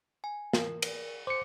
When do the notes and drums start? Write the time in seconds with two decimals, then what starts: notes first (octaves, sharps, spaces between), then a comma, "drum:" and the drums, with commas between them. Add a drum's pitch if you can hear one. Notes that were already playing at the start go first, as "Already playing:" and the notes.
0.24 G#5
0.53 A#4, drum: snare
0.82 drum: cymbal
1.27 C5 D6 C#7